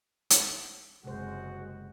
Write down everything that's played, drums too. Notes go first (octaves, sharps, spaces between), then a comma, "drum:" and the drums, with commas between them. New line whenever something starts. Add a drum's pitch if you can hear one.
drum: hi-hat
F#1 C3 G#3 F#4 C5